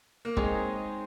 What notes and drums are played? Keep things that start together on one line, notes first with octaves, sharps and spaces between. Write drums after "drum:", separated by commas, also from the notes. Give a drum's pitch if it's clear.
A#3
G#3 C4 D#4 G#4 C#5, drum: kick